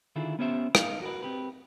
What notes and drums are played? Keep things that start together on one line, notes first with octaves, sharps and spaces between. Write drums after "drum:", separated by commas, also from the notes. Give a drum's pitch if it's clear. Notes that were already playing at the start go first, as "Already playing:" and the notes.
D3 D#3 E4 F4 G#4
B3 C#4 G4 C5 E5
D#4 F5, drum: rim click
F#4 A#4 B4
C4 G4 B4